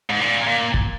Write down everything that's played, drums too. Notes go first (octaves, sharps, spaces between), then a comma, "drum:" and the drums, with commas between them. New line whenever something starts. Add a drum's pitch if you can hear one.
G#2
A#2
A#2
drum: kick